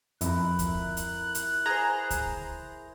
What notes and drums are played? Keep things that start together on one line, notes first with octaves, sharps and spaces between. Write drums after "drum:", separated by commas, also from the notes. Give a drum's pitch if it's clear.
F2 E4 A#4 F#6, drum: hi-hat
drum: kick C#2, hi-hat
drum: hi-hat
drum: hi-hat
G#4 C5 A#5
drum: kick C#2, hi-hat